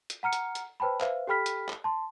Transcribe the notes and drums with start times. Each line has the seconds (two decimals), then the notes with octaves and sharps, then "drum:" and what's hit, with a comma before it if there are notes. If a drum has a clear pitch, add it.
0.10 drum: hi-hat
0.23 F#5 A#5 F6 C#7
0.33 drum: hi-hat
0.55 drum: hi-hat
0.80 B4 C5 G5 A5 B5
1.01 B4 C5 E5 F5, drum: clap
1.27 G4 A4 G5 B5 F6 B6
1.46 drum: hi-hat
1.69 drum: clap
1.84 A5 C6